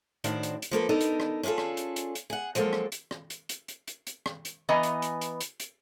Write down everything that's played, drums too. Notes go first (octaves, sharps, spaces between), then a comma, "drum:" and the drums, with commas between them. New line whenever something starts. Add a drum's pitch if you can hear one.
A2 D#3 D4 F#4 C5, drum: hi-hat
drum: hi-hat
drum: hi-hat
F3 A#3 A4 B4
B3 D4 D#4 A4 A#4
drum: hi-hat
drum: rim click
C#4 D4 F4 G#4 A4
drum: rim click
drum: hi-hat
drum: hi-hat
drum: hi-hat
G#4 F#5
F3 F#3 G#3 A#3 A4, drum: hi-hat
drum: rim click
drum: hi-hat
drum: rim click
drum: hi-hat
drum: hi-hat
drum: hi-hat
drum: hi-hat
drum: hi-hat
drum: rim click
drum: hi-hat
E3 B3 D#5 G#5 A#5
drum: hi-hat
drum: hi-hat
drum: hi-hat
drum: hi-hat
drum: hi-hat